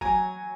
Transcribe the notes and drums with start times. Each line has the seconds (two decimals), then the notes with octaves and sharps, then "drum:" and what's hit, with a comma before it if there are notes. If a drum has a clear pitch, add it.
0.01 F#3 G#5 A#5, drum: kick F#1